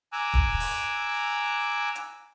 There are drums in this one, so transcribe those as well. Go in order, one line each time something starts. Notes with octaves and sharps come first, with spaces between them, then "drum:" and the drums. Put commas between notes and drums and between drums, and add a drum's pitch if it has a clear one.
G#5 A#5 D6 E6 F#6
drum: kick D#1
drum: open hi-hat
drum: hi-hat